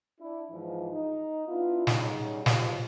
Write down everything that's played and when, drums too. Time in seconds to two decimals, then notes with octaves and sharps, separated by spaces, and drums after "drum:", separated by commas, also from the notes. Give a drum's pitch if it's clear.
0.20 D4 E4
0.50 G#2 E3 F3
0.92 D#4
1.48 B3 D4 E4 F4
1.87 G2 C#3 F#3 G3 C#4 D#4, drum: snare
2.46 E2 D#3 F3 F#3 F4 G4, drum: snare